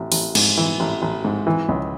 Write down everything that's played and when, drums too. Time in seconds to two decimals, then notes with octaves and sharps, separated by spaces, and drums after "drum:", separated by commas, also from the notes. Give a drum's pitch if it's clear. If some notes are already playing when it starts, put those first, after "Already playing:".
Already playing: A1
0.12 A1, drum: open hi-hat
0.35 G#2, drum: cymbal
0.58 E3
0.80 A1
1.02 A1
1.25 G#2
1.47 E3
1.69 C#2